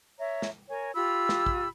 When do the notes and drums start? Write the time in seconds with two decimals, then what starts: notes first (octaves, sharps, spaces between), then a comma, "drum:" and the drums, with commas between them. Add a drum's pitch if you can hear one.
0.19 C#5 E5 A#5
0.42 drum: snare
0.69 A#4 C#5 G#5
0.94 F4 G4 B5 E6
1.29 drum: snare
1.46 drum: kick